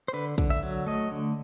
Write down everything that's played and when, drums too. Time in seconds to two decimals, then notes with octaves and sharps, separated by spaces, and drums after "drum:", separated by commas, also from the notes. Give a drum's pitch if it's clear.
0.08 C5
0.13 D3 B4
0.38 D3, drum: kick
0.50 E5
0.63 F#3
0.87 A3 D#5
1.11 D3